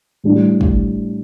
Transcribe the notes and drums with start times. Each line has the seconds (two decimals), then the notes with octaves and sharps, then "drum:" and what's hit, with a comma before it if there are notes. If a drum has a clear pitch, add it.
0.24 A2 G3 D4
0.61 drum: kick